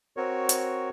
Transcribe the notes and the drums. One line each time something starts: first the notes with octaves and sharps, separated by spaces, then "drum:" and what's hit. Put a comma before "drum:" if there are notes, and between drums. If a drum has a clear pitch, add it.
C4 F#4 A#4 C#5
drum: hi-hat